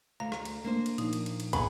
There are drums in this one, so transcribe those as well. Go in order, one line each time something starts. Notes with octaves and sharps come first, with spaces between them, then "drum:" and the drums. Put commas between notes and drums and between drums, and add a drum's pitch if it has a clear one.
D2 F5 A#5
drum: rim click
drum: cymbal
A#3 D4 C5
drum: cymbal
A#2 F3 D#4, drum: cymbal
drum: cymbal
drum: cymbal
drum: cymbal
A2 B3 G#4 F#5 A#5 B5, drum: kick, cymbal